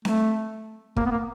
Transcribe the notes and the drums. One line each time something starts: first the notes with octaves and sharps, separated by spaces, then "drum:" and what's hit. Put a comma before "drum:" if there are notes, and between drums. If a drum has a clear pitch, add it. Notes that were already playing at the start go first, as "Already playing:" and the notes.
A3, drum: snare C4
A#3, drum: kick
B3
A#3